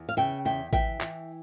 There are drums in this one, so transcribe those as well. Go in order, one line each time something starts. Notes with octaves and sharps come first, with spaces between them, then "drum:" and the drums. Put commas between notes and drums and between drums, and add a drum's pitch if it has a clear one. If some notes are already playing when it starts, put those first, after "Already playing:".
Already playing: E2
F5
C#3 E5 G5
E2 E5 G5
E3 E5 G5, drum: kick A1, hi-hat
E3, drum: clap